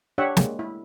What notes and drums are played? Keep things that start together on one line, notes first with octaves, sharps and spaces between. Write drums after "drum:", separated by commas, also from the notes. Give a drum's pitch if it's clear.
D4 G4 C#5 E5 F#5
G#3 A#3, drum: snare
E4